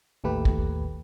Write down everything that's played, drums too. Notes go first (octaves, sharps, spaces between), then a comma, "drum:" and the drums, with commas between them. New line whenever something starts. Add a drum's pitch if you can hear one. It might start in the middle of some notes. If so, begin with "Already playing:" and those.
A1 D#2 A3 G4 B4
drum: kick